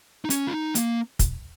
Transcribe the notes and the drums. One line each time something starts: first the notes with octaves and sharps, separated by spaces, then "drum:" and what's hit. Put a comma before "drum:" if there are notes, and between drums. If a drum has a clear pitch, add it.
D#4
C#4, drum: hi-hat
F4
D#4
A#3, drum: hi-hat
drum: kick, hi-hat